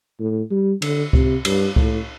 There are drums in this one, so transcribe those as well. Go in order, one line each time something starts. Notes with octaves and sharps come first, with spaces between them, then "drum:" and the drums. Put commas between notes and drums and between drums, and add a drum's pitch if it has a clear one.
A2
G3
D3, drum: cymbal
C3, drum: kick C#2
G2, drum: cymbal
A2, drum: kick C#2